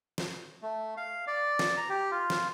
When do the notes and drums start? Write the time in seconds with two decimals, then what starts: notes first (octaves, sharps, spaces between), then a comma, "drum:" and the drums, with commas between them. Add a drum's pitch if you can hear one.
0.18 drum: snare
0.62 A3
0.97 F5
1.27 D5
1.59 drum: snare
1.77 A#5
1.89 G4
2.11 F4
2.30 drum: snare